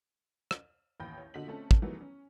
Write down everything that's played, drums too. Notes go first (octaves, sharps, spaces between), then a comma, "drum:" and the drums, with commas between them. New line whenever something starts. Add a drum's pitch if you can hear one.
drum: rim click
A1 D#2 G5 B5 G6 A#6
C#5
A#2 D3 F#4 D#5 B6 F#7
A3 C4 C#4 A4
drum: kick
D#3 E3 F#3 G3 A3 B3
C#4